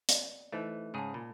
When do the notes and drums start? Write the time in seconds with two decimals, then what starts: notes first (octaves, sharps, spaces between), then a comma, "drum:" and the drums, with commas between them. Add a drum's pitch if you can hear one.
0.09 D5, drum: hi-hat
0.52 E3 A3 D#4 C5 D#5
0.94 G#2 C#3 G#4 G#5 A5
1.14 A#2 B5